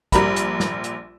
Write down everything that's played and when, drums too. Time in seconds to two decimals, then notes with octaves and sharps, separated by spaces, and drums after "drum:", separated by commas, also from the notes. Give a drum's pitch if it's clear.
0.12 A#1 G3 A#4 B5, drum: kick, hi-hat
0.36 drum: hi-hat
0.60 drum: snare
0.84 drum: hi-hat